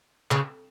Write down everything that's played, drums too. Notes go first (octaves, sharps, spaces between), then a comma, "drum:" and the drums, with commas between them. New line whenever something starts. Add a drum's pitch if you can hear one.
C#3, drum: clap